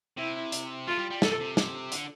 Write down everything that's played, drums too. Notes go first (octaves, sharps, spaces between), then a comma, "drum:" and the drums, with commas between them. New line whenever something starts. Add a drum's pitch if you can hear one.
C3 E4
drum: hi-hat
A3 F4
G3
G3
C3 A4, drum: snare
C3
drum: snare
D3, drum: hi-hat